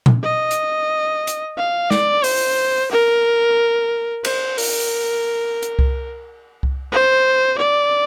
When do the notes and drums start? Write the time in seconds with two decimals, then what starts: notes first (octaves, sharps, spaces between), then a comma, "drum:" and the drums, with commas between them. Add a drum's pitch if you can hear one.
0.06 drum: tom A#2
0.23 D#5
0.51 drum: hi-hat
1.27 drum: hi-hat
1.58 F5
1.91 D5, drum: snare
2.24 C5, drum: open hi-hat
2.91 A#4
4.25 C5, drum: cymbal
4.58 A#4, drum: open hi-hat
5.63 drum: hi-hat
5.79 drum: kick C2
6.63 drum: kick C2
6.92 C5
7.58 D5